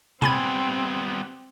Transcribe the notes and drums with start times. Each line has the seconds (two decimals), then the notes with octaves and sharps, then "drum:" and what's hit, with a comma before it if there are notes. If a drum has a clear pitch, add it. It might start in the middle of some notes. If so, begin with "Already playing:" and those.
0.22 G3 B3 C4 G#5 B5 G#6, drum: tom C3